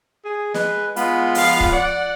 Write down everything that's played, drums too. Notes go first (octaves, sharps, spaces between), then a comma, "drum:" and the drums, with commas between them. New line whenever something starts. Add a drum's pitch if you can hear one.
G#4
G#3 B4, drum: snare
G#3 B3 F4 B5, drum: hi-hat
F3 F5, drum: open hi-hat
drum: kick C#1
D5 F#5